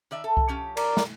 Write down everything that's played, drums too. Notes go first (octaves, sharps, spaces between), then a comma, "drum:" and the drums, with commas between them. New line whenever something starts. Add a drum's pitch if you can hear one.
D#3 D5 E5
A4
drum: kick C2
F3 C#4 G4
A#4 D5, drum: cymbal
drum: snare